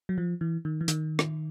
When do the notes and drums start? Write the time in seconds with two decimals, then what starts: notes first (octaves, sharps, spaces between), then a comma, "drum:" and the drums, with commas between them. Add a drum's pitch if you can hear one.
0.09 F#3
0.18 F3
0.41 E3
0.65 D#3
0.81 E3
0.88 D#3, drum: hi-hat
1.19 drum: rim click